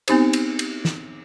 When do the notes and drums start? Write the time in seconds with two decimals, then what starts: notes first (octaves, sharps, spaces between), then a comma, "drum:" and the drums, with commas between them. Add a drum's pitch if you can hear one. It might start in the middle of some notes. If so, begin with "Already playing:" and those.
0.08 B3 C4 D#4 G4 C5, drum: cymbal
0.33 drum: cymbal
0.59 drum: cymbal
0.85 drum: snare